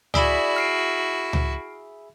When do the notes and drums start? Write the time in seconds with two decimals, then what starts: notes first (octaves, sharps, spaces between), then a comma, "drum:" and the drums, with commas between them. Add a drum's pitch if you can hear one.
0.14 E4 F#4 G#4 D5 E5 B5, drum: tom C#2
0.56 F6 C7 D7
1.33 drum: tom C#2